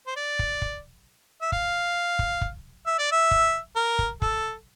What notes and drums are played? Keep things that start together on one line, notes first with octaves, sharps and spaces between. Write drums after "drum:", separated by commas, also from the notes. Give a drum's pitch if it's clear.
C5
D5
drum: kick
drum: kick
E5
F5, drum: kick
drum: kick
drum: kick
E5
D5
E5
drum: kick
A#4
drum: kick
A4, drum: kick